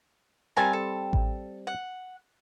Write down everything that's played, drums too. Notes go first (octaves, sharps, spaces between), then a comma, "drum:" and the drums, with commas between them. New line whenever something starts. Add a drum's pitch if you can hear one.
G3 C4 A#4 F5 G#5 A5
A4
drum: kick A1
F#5